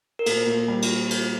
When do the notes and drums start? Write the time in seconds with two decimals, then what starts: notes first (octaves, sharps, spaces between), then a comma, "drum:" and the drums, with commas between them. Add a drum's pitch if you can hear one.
0.19 A#4
0.26 A#2 A4, drum: cymbal
0.47 A#2
0.68 G3
0.82 drum: cymbal
1.10 drum: cymbal